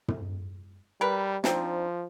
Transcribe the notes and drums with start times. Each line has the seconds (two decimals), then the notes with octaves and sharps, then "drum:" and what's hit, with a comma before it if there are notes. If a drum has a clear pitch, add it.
0.08 drum: tom
1.01 G3 A#4 B4
1.44 F3 C4 D4 D#4, drum: snare